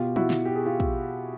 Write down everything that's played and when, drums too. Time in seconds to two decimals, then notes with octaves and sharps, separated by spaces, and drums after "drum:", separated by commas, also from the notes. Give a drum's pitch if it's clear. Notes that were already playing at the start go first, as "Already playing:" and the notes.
Already playing: B2 F4 G4
0.16 E4 F#4, drum: tom
0.30 drum: snare
0.45 G4
0.55 G#4
0.66 F4 G4
0.80 drum: kick